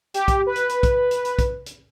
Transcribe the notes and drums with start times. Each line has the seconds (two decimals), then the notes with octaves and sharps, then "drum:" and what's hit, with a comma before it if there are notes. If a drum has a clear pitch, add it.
0.14 G4, drum: hi-hat
0.28 drum: kick, hi-hat
0.46 B4
0.56 drum: hi-hat
0.69 drum: hi-hat
0.83 drum: kick, hi-hat
1.11 drum: hi-hat
1.25 drum: hi-hat
1.39 drum: kick, hi-hat
1.66 drum: hi-hat